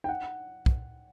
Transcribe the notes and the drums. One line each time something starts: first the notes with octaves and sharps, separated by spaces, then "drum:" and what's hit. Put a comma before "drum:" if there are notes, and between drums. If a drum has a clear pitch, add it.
G5
F#5
drum: kick